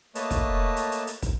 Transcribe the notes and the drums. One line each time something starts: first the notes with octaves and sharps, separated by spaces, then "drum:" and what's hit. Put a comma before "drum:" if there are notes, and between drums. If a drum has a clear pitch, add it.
A3 A#3 B4 C#5 D#5 A5, drum: hi-hat
drum: kick, hi-hat
drum: hi-hat
drum: hi-hat
drum: hi-hat
drum: kick, hi-hat